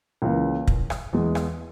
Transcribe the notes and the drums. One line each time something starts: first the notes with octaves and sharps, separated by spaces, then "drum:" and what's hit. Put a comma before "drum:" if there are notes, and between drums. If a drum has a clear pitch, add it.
C#2 C#3 E3 A#3
drum: kick
drum: rim click
E2 E3 G#3
drum: rim click